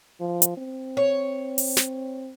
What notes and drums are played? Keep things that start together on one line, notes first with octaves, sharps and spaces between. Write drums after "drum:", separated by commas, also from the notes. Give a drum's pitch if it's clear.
F3
drum: hi-hat
C4
C#5
drum: open hi-hat
drum: snare